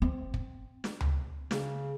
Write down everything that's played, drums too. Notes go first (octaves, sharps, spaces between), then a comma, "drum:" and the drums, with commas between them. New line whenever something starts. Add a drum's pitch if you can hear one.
C4
drum: kick
drum: snare
drum: tom C#2
C#3, drum: snare